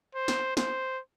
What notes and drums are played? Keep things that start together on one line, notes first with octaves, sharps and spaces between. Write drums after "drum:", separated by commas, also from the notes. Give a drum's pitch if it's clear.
C5
drum: snare
C5, drum: snare